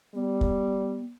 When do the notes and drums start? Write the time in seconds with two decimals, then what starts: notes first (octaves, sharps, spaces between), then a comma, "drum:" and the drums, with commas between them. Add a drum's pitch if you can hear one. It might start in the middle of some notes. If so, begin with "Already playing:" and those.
0.15 G3 B3
0.41 drum: kick